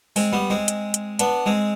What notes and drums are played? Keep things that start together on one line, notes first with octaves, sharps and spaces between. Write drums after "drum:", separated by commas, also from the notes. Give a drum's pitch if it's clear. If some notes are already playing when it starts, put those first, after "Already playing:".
G#3 C4, drum: open hi-hat
G3 B3
G#3 C4
drum: hi-hat
drum: hi-hat
B3 D4, drum: hi-hat
G#3 C4